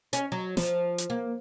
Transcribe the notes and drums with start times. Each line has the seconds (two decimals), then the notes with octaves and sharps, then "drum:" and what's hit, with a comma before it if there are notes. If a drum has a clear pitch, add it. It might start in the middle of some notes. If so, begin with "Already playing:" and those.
0.13 C#4, drum: hi-hat
0.32 F#3
0.57 F3, drum: snare
0.98 drum: hi-hat
1.10 A#3